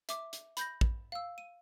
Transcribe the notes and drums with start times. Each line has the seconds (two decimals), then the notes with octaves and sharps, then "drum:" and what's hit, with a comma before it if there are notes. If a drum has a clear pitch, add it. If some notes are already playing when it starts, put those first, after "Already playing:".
0.09 E5 D6, drum: hi-hat
0.33 drum: hi-hat
0.57 B5 G6 A#6, drum: hi-hat
0.81 drum: kick
1.12 F5 E6
1.38 D#7